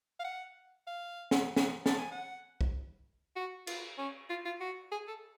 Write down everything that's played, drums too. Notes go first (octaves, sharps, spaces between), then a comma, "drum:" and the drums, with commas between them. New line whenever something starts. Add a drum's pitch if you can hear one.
F5
F#5
F5
drum: snare
drum: snare
A5, drum: snare
G#5
F#5
drum: kick
F#4
F4, drum: cymbal
C#4
F4
F4
F#4
G#4
A4